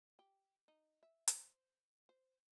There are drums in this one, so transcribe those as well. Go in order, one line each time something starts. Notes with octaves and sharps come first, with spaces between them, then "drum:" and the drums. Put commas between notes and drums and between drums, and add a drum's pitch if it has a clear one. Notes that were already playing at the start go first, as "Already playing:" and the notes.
G4
D#4
E5
C5, drum: hi-hat
C5